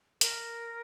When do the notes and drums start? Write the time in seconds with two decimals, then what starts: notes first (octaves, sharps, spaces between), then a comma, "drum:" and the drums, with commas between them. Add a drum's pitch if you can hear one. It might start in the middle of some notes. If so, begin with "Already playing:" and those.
0.21 A#4, drum: hi-hat